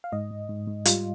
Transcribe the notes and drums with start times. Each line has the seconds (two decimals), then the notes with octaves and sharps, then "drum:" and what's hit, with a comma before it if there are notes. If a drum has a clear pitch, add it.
0.04 F5
0.12 G#2 D#5
0.31 G#2
0.49 G#2
0.67 G#2
0.85 G3 F4, drum: hi-hat